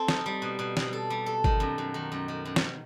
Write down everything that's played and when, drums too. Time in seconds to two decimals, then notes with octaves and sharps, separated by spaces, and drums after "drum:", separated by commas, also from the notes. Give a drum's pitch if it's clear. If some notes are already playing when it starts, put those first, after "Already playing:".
Already playing: C4 A4
0.08 D#4, drum: snare
0.26 G3
0.42 B2
0.59 B2
0.77 B2, drum: snare
0.93 A4
1.10 G3
1.26 A4
1.44 D#3, drum: kick G1
1.60 F#2
1.78 F#2
1.94 D#3
2.12 F#2
2.28 D#3
2.45 F#2
2.56 drum: snare